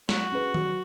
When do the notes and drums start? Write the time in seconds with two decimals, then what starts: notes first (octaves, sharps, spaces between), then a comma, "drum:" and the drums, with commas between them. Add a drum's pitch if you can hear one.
0.09 F#3 F#4, drum: snare
0.32 C#4 G#4 B4
0.54 F#3, drum: tom D#3